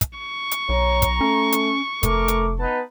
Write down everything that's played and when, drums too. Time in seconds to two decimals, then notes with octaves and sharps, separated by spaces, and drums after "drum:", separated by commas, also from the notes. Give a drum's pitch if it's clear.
0.01 drum: kick, hi-hat
0.19 C#6
0.51 drum: hi-hat
0.69 B1 C#5 A#5
1.02 drum: kick, hi-hat
1.21 A3 C#4
1.52 drum: hi-hat
2.03 F1 A3 A#4 D6, drum: kick, hi-hat
2.28 drum: hi-hat
2.59 B3 D#4 B4 A5